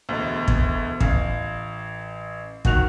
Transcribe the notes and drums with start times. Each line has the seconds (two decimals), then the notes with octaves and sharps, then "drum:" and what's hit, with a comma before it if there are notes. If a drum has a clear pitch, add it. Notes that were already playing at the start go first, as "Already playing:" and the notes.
0.09 E1 D2
0.48 drum: kick
1.00 A1 F5, drum: kick
2.65 D#3 F#4 F#6 F7, drum: kick